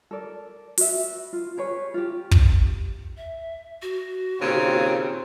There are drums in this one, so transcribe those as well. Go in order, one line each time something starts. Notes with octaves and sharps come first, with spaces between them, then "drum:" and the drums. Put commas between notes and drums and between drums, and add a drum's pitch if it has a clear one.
A4 A#4 D5
F#4 B4 E5, drum: open hi-hat
F4
G4 G#4 B4 C#5
F4 G4
drum: kick
E5
F#4
D#2 A#2 C#3 C4